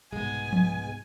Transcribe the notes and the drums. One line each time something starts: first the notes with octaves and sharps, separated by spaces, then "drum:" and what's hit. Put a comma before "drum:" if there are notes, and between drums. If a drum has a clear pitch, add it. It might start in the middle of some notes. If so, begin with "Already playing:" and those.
C2 G#2 B2 G#3 B3 G#5
drum: tom F3